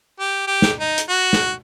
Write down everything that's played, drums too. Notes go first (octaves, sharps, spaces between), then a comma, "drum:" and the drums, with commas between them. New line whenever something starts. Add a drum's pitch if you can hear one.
G4
G4
drum: snare
D#4
drum: hi-hat
F#4
drum: snare